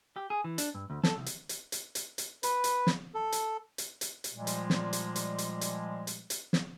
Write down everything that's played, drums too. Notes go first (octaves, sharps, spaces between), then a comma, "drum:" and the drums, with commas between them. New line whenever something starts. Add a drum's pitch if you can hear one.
G4
G#4
E3
D4, drum: hi-hat
G2
D2
A4, drum: snare
C2
drum: hi-hat
drum: hi-hat
drum: hi-hat
drum: hi-hat
drum: hi-hat
B4, drum: hi-hat
drum: hi-hat
drum: snare
A4
drum: hi-hat
drum: hi-hat
drum: hi-hat
drum: hi-hat
A#2 F3 G3 G#3
drum: hi-hat
drum: snare
drum: hi-hat
drum: hi-hat
drum: hi-hat
drum: hi-hat
drum: hi-hat
drum: hi-hat
drum: snare